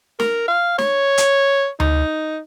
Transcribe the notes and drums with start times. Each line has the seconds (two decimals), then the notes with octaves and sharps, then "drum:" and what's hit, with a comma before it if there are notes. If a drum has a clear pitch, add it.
0.20 A#4, drum: snare
0.48 F5
0.78 C#5, drum: snare
1.18 drum: hi-hat
1.80 D#4, drum: tom D2